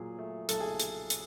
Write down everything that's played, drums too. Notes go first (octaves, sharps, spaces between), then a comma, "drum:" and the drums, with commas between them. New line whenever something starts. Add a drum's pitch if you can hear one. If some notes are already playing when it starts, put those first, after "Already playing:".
Already playing: A#2 F#3 G#4
A3
B1 A4, drum: hi-hat
G#4
drum: hi-hat
drum: hi-hat